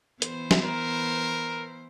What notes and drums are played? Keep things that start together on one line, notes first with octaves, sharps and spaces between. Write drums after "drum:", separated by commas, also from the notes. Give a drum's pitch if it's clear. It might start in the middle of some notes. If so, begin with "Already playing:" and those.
E3 B3 C5, drum: hi-hat
drum: snare
A#4